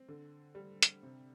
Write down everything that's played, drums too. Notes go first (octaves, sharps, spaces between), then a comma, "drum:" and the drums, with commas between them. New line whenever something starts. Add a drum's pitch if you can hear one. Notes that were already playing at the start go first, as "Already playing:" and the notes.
Already playing: C4
D3
G3
drum: hi-hat
C3